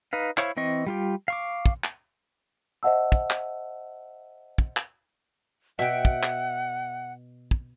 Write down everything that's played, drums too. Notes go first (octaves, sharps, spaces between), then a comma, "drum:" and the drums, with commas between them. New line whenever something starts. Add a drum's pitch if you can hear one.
D#4 B4 F5
E4 C5 C#5 F5 C#6, drum: clap
E3 C4 D#5 C#6
G3 F4 G4
F5 C#6 D6
drum: kick
drum: clap
C5 D#5 E5 F#5 A5 E6
drum: kick
drum: clap
drum: kick
drum: clap
B2 E5 F#5 G5
drum: kick
drum: clap
drum: kick